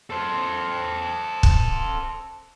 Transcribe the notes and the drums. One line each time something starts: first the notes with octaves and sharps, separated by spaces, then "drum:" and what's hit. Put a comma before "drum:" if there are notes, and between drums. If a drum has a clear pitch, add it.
A4 C5
drum: kick